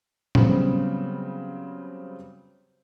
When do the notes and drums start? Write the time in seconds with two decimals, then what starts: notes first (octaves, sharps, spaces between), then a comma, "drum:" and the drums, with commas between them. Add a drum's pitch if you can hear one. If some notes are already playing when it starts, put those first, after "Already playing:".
0.35 C#3 F#3 G3 B3 C4, drum: tom A2